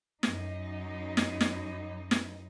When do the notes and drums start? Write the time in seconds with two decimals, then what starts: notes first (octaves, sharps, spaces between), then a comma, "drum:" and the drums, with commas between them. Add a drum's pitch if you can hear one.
0.23 F#2 D#4, drum: snare
1.17 drum: snare
1.41 drum: snare
2.11 drum: snare